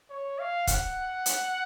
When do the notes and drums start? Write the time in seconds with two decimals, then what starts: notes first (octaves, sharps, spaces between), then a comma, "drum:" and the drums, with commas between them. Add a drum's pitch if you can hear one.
0.10 C#5
0.39 F5
0.67 F#5, drum: kick, hi-hat
1.26 drum: hi-hat